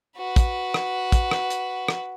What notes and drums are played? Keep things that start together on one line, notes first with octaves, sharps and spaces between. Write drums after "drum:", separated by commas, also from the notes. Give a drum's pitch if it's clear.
F#4 B4
drum: kick, hi-hat
drum: rim click
drum: kick, hi-hat
drum: rim click
drum: hi-hat
drum: rim click